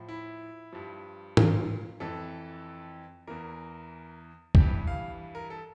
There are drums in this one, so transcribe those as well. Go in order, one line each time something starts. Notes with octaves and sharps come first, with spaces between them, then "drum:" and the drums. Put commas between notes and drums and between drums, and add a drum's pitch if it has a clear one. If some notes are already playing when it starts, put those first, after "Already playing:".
Already playing: A2 F3
E4
G2 F3
F4, drum: tom G#2
F2 E3 A4
E2 E3 A#4
G2 E3 G4, drum: kick
F5
A#4
A4